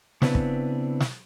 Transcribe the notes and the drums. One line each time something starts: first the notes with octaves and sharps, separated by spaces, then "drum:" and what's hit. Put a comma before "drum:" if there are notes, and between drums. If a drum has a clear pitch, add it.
C#3 B3 C4 D4 E4 B4, drum: snare
drum: kick
drum: snare